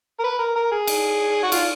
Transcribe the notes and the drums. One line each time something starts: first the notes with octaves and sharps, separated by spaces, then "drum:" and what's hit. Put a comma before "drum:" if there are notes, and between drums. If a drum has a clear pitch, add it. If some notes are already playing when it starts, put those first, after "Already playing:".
A#4
B4
A#4
A#4
G#4
drum: cymbal
F#4
F4, drum: cymbal